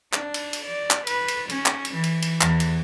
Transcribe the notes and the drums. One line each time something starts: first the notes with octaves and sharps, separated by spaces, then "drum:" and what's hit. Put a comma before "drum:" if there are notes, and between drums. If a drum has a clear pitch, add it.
D4, drum: clap
drum: cymbal
drum: cymbal
D5
drum: clap
B4, drum: cymbal
drum: cymbal
C#4, drum: cymbal
drum: clap
drum: cymbal
E3
drum: cymbal
drum: cymbal
E2, drum: clap
drum: cymbal